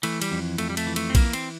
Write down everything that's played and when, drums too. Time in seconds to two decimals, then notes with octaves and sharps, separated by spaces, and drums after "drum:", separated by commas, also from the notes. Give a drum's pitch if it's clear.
0.03 E3 A3, drum: cymbal
0.22 G3, drum: cymbal
0.31 F2
0.58 F2 A3, drum: cymbal
0.70 G3
0.77 A3, drum: cymbal
0.87 E3
0.96 A3, drum: cymbal
1.10 C4
1.15 E3 A#3, drum: kick A#1, cymbal
1.33 C4, drum: cymbal